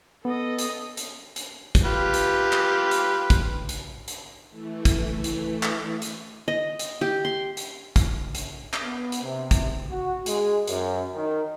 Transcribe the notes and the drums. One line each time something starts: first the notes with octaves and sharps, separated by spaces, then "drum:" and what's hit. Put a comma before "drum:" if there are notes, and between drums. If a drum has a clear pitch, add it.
B3 A4 D#5
drum: hi-hat
drum: hi-hat
drum: hi-hat
drum: kick, hi-hat
F4 G4 B4
drum: hi-hat
drum: clap
drum: hi-hat
drum: kick, hi-hat
drum: hi-hat
drum: hi-hat
E3 A3
drum: kick, hi-hat
drum: hi-hat
drum: clap
drum: hi-hat
D#5
drum: hi-hat
G4
C6
drum: hi-hat
drum: kick, hi-hat
drum: hi-hat
drum: clap
B3
drum: hi-hat
C3
drum: kick, hi-hat
F#4
G#3, drum: hi-hat
F#2, drum: hi-hat
D#3